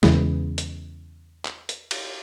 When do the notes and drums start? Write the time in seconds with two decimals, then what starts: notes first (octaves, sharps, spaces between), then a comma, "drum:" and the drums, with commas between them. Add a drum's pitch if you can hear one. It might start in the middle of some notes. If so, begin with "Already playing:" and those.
0.03 E2 C#3 E3 G#3, drum: snare
0.58 drum: hi-hat
1.45 drum: clap
1.69 drum: hi-hat
1.91 drum: cymbal